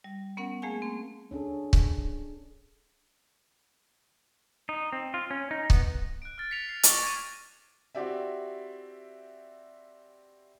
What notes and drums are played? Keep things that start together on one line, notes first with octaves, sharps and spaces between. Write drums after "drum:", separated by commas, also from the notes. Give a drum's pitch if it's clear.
G3
B3 C#4 A#4 F#5
A3 A#3 G#4 F5 G#5
C4
C#4 D4 G#4 A4
drum: kick C#1
D#4
C4
F4
C#4
D#4
B3, drum: kick C#1
F#6 D7
F6 A6 D7
B6 C#7 F7
C7
C#6 D6 A#6, drum: hi-hat
G#6 A#6 D#7
C4 E4 F#4 G4 D5 E5